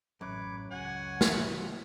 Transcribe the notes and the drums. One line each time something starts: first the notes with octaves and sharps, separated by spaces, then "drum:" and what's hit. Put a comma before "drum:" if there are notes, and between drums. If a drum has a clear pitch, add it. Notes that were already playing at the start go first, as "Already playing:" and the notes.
A1 F#2 B4 C#5 D6
C#2 F#4 C#5 F#5 G#5
drum: snare